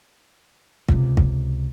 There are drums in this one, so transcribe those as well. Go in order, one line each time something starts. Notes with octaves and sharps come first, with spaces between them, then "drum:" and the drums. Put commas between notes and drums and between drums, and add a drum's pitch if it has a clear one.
C#2 C3, drum: kick
drum: kick